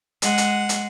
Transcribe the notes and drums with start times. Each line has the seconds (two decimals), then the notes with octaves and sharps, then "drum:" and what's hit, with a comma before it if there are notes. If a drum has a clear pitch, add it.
0.22 G#3 F#5, drum: hi-hat
0.38 drum: hi-hat
0.69 drum: hi-hat